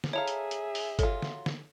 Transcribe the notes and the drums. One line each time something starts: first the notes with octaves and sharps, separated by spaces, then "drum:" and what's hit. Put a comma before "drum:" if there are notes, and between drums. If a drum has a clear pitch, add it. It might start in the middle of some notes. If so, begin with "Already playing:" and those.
drum: snare
E4 G#4 A4 C#5 E5 F5 A#5
drum: hi-hat
drum: hi-hat
drum: open hi-hat
F#3 F4 A4, drum: kick, hi-hat
drum: snare
drum: snare